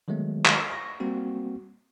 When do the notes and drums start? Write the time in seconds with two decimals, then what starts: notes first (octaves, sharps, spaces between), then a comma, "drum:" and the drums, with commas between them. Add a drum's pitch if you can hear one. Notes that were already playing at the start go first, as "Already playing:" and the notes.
0.08 D#3 F#3 G#3 A3 B3
0.46 drum: clap
0.71 C#6 A#6
1.00 G3 A#3 C4 F#4